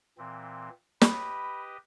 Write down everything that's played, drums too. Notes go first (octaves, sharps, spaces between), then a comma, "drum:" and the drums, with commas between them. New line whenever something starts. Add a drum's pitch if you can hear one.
A#2 E3 C4
G4 B4 D#5 B5, drum: snare